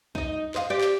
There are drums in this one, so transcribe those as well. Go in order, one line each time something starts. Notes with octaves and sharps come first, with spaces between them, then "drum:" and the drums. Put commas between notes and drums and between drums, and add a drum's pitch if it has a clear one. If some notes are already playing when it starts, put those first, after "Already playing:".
D#4 D#5, drum: kick
C5 D#5 F5, drum: clap
G4 C5 D5
drum: clap